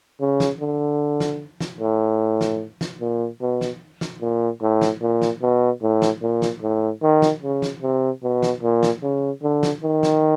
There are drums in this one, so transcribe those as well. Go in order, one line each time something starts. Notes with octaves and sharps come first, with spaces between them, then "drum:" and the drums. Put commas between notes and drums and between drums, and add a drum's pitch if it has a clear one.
C#3
drum: snare
D3
drum: snare
drum: snare
A2
drum: snare
drum: snare
A#2
B2
drum: snare
drum: snare
A#2
A2
drum: snare
A#2
drum: snare
B2
A2
drum: snare
A#2
drum: snare
A2
D#3
drum: snare
C#3
drum: snare
C3
B2
drum: snare
A#2
drum: snare
C#3
D3
drum: snare
D#3
drum: snare